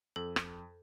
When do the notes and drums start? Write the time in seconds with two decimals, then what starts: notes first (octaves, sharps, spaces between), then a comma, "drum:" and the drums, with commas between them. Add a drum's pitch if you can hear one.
0.16 F2 A4
0.36 drum: rim click